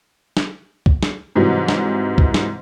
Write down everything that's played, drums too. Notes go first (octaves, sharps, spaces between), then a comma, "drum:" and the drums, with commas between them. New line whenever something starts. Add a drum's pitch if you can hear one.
drum: snare
drum: kick
drum: snare
G#2 C3 E3 F#3 G3
drum: snare
drum: kick
drum: snare